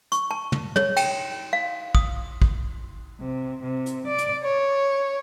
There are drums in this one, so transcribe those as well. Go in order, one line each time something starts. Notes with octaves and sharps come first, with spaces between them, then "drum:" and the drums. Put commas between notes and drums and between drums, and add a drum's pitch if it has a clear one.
C#6, drum: hi-hat
A5
drum: tom
C#5, drum: tom
G5, drum: cymbal
F5
D#6, drum: kick
drum: kick
C3
C3
drum: hi-hat
D5
drum: hi-hat
C#5